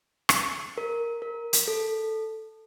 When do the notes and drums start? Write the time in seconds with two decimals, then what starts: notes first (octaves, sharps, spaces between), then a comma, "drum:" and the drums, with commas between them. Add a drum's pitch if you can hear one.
0.29 drum: rim click
0.78 A#4
1.22 A#4
1.53 drum: hi-hat
1.68 A4